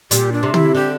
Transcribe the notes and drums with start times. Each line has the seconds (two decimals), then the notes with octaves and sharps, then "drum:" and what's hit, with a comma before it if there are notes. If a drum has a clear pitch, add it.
0.11 A#2 G4, drum: hi-hat
0.32 D4
0.43 C3
0.54 E4, drum: tom
0.75 D3 G4